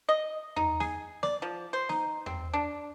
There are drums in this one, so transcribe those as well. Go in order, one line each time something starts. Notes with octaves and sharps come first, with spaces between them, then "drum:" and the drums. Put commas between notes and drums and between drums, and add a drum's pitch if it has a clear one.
D#5
D#4, drum: tom E2
G#4, drum: snare
D5, drum: snare
F3
C5
D#4, drum: snare
C4, drum: tom E2
D4